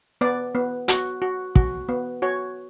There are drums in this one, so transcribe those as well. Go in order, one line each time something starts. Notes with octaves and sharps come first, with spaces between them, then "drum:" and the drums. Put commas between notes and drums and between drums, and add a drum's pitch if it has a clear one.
B3 D5
B3
F#4, drum: hi-hat
F#4
F#4, drum: kick
B3
F#4 C#5